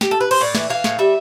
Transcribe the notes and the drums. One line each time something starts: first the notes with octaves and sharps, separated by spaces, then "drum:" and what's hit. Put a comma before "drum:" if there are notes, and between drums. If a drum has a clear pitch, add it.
G4, drum: snare
A4
B4
C5, drum: cymbal
A2 D5
E3, drum: snare
E3 F5
A2, drum: snare
G3 E5